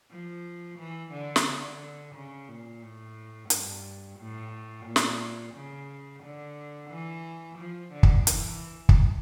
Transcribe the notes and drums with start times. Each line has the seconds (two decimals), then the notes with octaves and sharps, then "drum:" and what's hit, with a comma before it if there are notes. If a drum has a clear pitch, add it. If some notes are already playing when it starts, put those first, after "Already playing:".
0.10 F3
0.79 E3
1.13 D3
1.36 drum: snare
1.47 D3
2.15 C#3
2.49 A#2
2.82 A2
3.50 G2, drum: hi-hat
4.19 A2
4.86 A#2
4.96 drum: snare
5.54 C#3
6.23 D3
6.91 E3
7.59 F3
7.93 D3
8.03 drum: kick
8.27 E3, drum: hi-hat
8.89 drum: kick